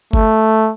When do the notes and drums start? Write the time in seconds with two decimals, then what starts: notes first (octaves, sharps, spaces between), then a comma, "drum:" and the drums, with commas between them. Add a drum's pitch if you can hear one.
0.13 A3, drum: kick G1